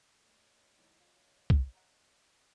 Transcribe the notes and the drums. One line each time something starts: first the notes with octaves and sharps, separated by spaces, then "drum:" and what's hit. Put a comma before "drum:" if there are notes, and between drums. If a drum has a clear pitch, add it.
A3 C#5 D#5
E2 A2 D#3
F4
drum: kick C2
F#5 A#5